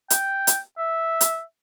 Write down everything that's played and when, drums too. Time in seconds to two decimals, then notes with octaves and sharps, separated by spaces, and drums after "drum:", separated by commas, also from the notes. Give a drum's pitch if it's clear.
0.10 G5, drum: hi-hat
0.47 drum: hi-hat
0.78 E5
1.21 drum: hi-hat